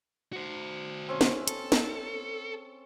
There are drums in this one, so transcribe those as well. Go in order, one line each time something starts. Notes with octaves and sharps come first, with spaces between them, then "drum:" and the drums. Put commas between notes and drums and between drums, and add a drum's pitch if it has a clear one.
F#4 C5
C4 C#4
drum: snare
A4, drum: hi-hat
drum: snare